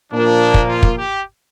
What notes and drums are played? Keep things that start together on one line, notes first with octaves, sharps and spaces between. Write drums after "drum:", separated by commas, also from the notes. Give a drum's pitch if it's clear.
A#2 F3 A#3 D4
drum: kick
F4
drum: kick
G4